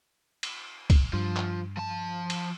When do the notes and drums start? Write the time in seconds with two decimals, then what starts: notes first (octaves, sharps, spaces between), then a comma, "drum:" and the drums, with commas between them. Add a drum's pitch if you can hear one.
0.43 drum: cymbal
0.90 drum: kick, cymbal
1.13 G2 F3
1.36 drum: clap
1.77 F3 A5
2.30 drum: cymbal